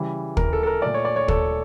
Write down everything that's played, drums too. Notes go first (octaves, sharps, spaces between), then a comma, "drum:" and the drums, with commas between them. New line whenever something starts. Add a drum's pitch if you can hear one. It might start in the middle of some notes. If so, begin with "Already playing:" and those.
Already playing: C#3 E3 G3
A#4, drum: kick
A4
A4
A#4
A#2 A3 D5
C#5
D5
C#5
A4, drum: kick